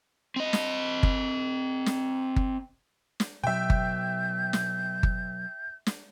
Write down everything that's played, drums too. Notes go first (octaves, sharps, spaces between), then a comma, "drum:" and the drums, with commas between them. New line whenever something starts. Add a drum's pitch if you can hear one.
C4 D#5
drum: snare
drum: kick G1
drum: snare
drum: kick G1
drum: snare
B2 F#3 E5 G5 G6
drum: kick G1
drum: snare
drum: kick G1
drum: snare